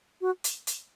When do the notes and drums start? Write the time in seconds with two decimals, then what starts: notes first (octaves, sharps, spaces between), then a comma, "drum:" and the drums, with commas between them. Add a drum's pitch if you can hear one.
0.21 F#4
0.44 drum: hi-hat
0.67 drum: hi-hat